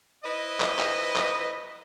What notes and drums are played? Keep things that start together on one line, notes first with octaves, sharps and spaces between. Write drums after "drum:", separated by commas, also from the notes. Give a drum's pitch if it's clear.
E4 B4 C5 D#5
drum: clap
drum: clap
drum: clap